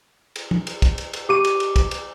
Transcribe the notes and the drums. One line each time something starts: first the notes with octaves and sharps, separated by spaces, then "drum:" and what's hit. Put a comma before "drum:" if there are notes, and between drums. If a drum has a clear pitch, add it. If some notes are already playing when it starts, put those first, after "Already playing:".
drum: cymbal
drum: tom
drum: cymbal
drum: kick, cymbal
drum: cymbal
drum: cymbal
G4 D6 D#7
drum: cymbal
drum: cymbal
drum: kick, cymbal
drum: cymbal